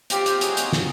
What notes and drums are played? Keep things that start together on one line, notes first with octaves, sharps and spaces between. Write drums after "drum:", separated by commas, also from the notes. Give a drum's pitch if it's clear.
C4 F4 G4, drum: hi-hat
drum: hi-hat
G#3 C4 D#4 F#4 G#4, drum: hi-hat
drum: hi-hat
drum: snare